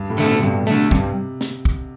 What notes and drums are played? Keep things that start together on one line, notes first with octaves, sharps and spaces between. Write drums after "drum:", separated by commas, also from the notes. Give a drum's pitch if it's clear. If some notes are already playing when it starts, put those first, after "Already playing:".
Already playing: G2
A2
D3 A3
B2
G2 C3
D3 A3
G2 C3, drum: kick
drum: snare
drum: kick